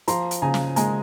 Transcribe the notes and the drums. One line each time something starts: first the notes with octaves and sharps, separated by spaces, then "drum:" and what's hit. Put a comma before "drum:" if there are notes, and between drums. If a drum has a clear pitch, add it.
F3 A#5 C6, drum: hi-hat
drum: hi-hat
C#3 G#5 A#5
drum: snare
G#3 G#5 A#5, drum: hi-hat